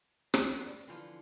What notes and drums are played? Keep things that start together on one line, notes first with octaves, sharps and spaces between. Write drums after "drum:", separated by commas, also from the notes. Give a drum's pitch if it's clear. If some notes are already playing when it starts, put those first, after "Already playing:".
D2 D#3 E3 G3 A3 D5, drum: rim click
F#2 C#5
G2
D3 E3 F3 F4